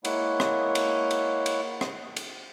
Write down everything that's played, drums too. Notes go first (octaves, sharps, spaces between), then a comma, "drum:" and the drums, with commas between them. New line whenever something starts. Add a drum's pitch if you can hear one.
G#3 A#3 E4 C#5 F#5, drum: cymbal
drum: rim click
drum: cymbal
drum: cymbal
drum: cymbal
drum: rim click
drum: cymbal